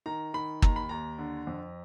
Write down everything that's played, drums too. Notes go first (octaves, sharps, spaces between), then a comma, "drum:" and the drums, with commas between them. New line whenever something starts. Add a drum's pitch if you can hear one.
D#3 A#5
D#3 B5
D#2 A#5, drum: kick
B5
D#2 A#5
D3
F2